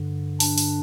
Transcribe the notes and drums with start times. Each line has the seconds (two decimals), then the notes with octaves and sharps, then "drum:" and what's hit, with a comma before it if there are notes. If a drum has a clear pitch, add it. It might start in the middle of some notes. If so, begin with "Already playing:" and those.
Already playing: G2 D3
0.40 D4, drum: open hi-hat
0.58 drum: open hi-hat